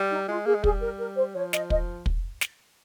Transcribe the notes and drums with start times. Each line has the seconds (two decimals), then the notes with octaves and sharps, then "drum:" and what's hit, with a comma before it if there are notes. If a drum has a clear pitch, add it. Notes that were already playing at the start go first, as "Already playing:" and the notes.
Already playing: G3
0.10 D#4
0.28 G#3 F4
0.46 A#3 G#4
0.54 G#3
0.64 G3 G#4, drum: kick
0.81 A#4
0.99 A#4
1.17 C5
1.35 F3 C#5
1.53 D#5, drum: snare
1.70 D#5, drum: kick
2.06 drum: kick
2.41 drum: snare